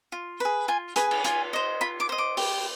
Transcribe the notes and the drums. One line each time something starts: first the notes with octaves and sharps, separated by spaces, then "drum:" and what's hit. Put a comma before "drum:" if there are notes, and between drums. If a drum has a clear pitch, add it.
F4
G#4 B4
F4 G#5
G#4 B4 G#5, drum: hi-hat
drum: cymbal
F4 G#5, drum: hi-hat
C5 D#5
F4 B5
D6
C5 D#5
D6
G4, drum: open hi-hat